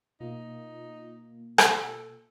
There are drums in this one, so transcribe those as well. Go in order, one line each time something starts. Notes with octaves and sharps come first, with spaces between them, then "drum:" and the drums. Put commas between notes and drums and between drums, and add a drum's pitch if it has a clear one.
B2 A#3 D#4 F4
A4, drum: rim click